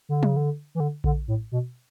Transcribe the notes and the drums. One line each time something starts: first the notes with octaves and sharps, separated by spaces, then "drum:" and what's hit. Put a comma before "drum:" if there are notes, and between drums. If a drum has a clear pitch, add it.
D3
C#3, drum: tom
D3
E3
D3
D3, drum: kick A#1
A2
B2